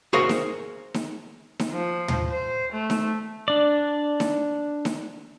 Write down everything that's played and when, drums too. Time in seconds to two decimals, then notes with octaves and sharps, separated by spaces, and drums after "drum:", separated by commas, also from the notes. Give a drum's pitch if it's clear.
0.13 F#4 G#4 A#4 C5 C#5 F5
0.29 drum: snare D#4
0.94 drum: snare D#4
1.59 drum: snare D#4
1.71 F3
2.08 drum: tom
2.31 C5
2.72 A3
2.90 drum: snare D#4
3.48 D4 D5
4.20 drum: snare D#4
4.85 drum: snare D#4